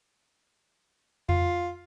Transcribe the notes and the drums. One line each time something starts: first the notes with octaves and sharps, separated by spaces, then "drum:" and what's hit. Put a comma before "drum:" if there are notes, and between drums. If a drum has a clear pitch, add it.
F4, drum: tom F2